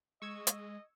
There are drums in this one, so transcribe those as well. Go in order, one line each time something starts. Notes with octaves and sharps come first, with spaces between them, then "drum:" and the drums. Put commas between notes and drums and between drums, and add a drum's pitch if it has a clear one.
G#3 D#5 C#6 E6 G#6
drum: hi-hat